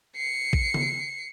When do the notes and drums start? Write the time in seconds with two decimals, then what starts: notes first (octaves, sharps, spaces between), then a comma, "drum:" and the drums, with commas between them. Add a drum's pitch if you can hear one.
0.16 C7 C#7
0.53 drum: kick A#1
0.74 drum: tom C#3